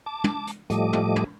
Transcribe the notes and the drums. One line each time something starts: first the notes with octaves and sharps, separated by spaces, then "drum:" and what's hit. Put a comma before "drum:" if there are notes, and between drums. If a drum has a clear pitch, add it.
A5 D6
drum: tom
drum: hi-hat
A2 F3 G3 A3 D#5 D6, drum: hi-hat
drum: tom
drum: tom